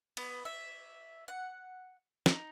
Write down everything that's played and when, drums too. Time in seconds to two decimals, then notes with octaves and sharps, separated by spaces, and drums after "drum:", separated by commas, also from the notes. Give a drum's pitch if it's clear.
0.17 B3, drum: cymbal
0.45 E5
1.28 F#5
2.26 D#4, drum: snare